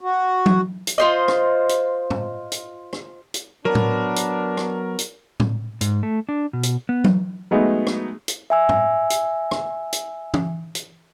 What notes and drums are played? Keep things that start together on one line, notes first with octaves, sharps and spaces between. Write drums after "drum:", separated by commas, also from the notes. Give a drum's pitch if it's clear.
F#4
drum: tom F#3
drum: hi-hat
F4 C5 D#5
drum: rim click
drum: hi-hat
drum: tom
drum: hi-hat
drum: rim click
drum: hi-hat
F#3 B3 D4 A#4
drum: tom A2
drum: hi-hat
drum: rim click
drum: hi-hat
drum: tom A2
G#2, drum: hi-hat
A3
D4
B2
drum: hi-hat
B3
drum: tom F#3
F#3 G#3 A3 B3 D#4 G#4
drum: rim click
drum: hi-hat
E5 G#5 E6
drum: tom
drum: hi-hat
drum: rim click
drum: hi-hat
drum: tom
drum: hi-hat